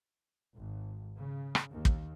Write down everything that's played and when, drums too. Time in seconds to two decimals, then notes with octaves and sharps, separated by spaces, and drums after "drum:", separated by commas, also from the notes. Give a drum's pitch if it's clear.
0.55 G#1
1.18 C#3
1.55 drum: rim click
1.71 D#2
1.85 drum: kick